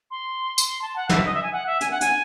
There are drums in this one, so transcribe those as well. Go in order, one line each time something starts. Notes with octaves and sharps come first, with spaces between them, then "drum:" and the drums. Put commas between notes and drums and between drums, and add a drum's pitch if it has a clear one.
C6
drum: tambourine
C6
A5
F#5
E5, drum: snare
D#5
E5
G#5
F#5
E5
G#5, drum: hi-hat
F#5
G#5, drum: hi-hat